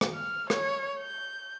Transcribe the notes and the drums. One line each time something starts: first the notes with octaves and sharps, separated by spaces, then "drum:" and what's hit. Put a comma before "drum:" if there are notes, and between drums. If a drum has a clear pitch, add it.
drum: rim click
F6
C#5, drum: rim click
G6